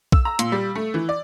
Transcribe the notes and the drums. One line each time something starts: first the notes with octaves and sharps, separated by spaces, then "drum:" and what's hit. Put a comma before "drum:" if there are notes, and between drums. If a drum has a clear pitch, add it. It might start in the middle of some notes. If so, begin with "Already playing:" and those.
E6, drum: kick B1
A#5
A#2, drum: hi-hat
G3
A3
E3
D5